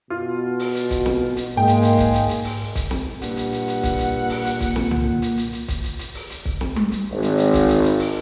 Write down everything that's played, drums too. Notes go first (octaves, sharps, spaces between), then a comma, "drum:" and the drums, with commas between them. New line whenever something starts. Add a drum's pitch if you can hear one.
B2 F4
drum: open hi-hat
drum: hi-hat
drum: kick, hi-hat
drum: snare
drum: hi-hat
G#2 G#3 A#3 G5
drum: hi-hat
drum: hi-hat
drum: kick, hi-hat
drum: hi-hat
drum: hi-hat
drum: open hi-hat
drum: kick, hi-hat
drum: snare
G2 A#2 F#5, drum: hi-hat
drum: hi-hat
drum: hi-hat
drum: hi-hat
drum: kick, hi-hat
drum: hi-hat
drum: open hi-hat
drum: hi-hat
drum: kick, hi-hat
drum: snare
drum: tom C2
drum: hi-hat
drum: hi-hat
drum: hi-hat
drum: kick, hi-hat
drum: hi-hat
drum: hi-hat
drum: open hi-hat
drum: hi-hat
drum: kick
drum: snare
drum: tom G3
drum: hi-hat
G#1
drum: hi-hat
drum: hi-hat
drum: kick, hi-hat
drum: hi-hat
drum: hi-hat
drum: open hi-hat